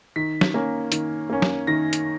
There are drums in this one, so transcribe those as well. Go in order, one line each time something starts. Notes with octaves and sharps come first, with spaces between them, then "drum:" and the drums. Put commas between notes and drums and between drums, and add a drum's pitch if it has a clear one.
D#3 B6
drum: snare
A#3 C#4
D#3, drum: hi-hat
A#3 C#4
drum: snare
D#3 A#6
drum: hi-hat